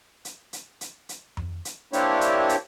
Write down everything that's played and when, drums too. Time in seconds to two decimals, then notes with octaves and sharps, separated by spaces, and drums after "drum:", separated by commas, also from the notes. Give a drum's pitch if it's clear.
0.25 drum: hi-hat
0.53 drum: hi-hat
0.81 drum: hi-hat
1.09 drum: hi-hat
1.37 drum: tom F2
1.65 drum: hi-hat
1.93 A#3 C4 D4 E4 G4 C#5, drum: hi-hat
2.21 drum: hi-hat
2.49 drum: hi-hat